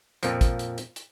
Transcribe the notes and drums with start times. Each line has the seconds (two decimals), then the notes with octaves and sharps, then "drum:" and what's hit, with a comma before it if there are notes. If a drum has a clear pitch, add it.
0.23 F2 A#2 F3, drum: hi-hat
0.41 drum: kick, hi-hat
0.59 drum: hi-hat
0.78 drum: hi-hat
0.96 drum: hi-hat